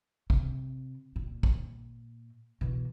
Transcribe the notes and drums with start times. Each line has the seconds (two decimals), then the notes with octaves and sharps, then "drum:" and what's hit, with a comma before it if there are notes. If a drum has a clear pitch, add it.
0.30 C3, drum: kick
1.16 A#2
1.43 drum: kick
2.61 B2 E3